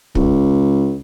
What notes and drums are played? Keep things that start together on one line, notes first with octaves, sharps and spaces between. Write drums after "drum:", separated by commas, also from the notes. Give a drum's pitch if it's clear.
C#2, drum: kick